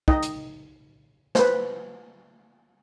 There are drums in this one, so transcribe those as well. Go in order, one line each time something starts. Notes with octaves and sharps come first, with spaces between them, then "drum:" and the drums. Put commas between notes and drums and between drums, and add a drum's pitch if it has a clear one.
D#4 D#5 G5, drum: kick
drum: hi-hat
B4 C5, drum: snare